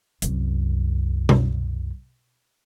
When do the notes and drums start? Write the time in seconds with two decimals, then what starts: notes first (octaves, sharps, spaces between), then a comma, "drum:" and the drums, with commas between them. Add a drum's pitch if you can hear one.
0.22 C2 F#2, drum: hi-hat
1.29 drum: tom B2